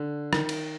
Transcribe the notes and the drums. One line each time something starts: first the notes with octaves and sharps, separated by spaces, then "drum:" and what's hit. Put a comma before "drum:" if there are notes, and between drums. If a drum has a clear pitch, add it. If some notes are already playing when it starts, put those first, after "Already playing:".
Already playing: D3
D#3, drum: rim click
drum: cymbal